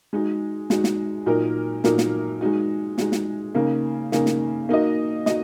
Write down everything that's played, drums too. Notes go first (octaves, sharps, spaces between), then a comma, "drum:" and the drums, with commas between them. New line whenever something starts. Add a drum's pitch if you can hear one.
G#3 D#4 F#4
G#3 D#4 F#4, drum: snare
drum: snare
A#2 F#3 D#4 A#4
A#2 F#3 D#4 A#4, drum: snare
drum: snare
G#3 D#4 F#4
G#3 D#4 F#4, drum: snare
drum: snare
C#3 A#3 D#4
C#3 A#3 D#4, drum: snare
drum: snare
A#3 D#4 F#4 D#5
D#4 F#4 D#5, drum: snare